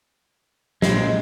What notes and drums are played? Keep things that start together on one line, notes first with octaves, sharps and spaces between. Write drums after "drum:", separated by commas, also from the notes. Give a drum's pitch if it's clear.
A#2 F3 G#3 C4, drum: snare